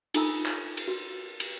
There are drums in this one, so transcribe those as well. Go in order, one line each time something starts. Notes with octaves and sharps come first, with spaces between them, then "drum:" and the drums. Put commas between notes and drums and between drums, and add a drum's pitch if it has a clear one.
D#4 F4 A4 G#5 A#5 E6, drum: cymbal
drum: clap
drum: cymbal
F#4
drum: cymbal